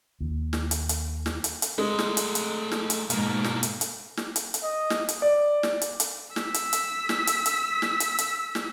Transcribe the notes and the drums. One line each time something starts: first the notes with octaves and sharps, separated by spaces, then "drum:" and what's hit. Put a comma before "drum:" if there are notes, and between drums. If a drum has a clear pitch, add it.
D#2
drum: snare
drum: hi-hat
drum: hi-hat
drum: snare
drum: hi-hat
drum: hi-hat
G#3 A3 D#5
drum: snare
drum: hi-hat
drum: hi-hat
drum: snare
drum: hi-hat
G#2 B2 A#3, drum: hi-hat
drum: snare
drum: hi-hat
drum: hi-hat
drum: snare
drum: hi-hat
drum: hi-hat
D#5
drum: snare
drum: hi-hat
D5
drum: snare
drum: hi-hat
drum: hi-hat
E6 B6, drum: snare
drum: hi-hat
drum: hi-hat
drum: snare
drum: hi-hat
drum: hi-hat
drum: snare
drum: hi-hat
drum: hi-hat
drum: snare